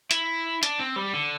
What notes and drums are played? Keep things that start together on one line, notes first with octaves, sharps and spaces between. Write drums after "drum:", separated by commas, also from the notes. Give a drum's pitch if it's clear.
E4, drum: hi-hat
D4, drum: hi-hat
C4
G3
D3